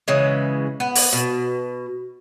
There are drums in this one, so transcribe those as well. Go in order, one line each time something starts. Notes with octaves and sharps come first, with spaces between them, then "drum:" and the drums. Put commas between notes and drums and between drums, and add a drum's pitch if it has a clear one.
C#3 E3 G#3
B3
drum: open hi-hat
B2